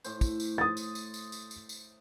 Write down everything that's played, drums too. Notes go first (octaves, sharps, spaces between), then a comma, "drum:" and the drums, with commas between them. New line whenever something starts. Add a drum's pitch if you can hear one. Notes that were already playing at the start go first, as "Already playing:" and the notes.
A2 C5, drum: tambourine
drum: kick, tambourine
drum: tambourine
D#6 A6
drum: tambourine
drum: tambourine
drum: tambourine
drum: tambourine
drum: tambourine
drum: tambourine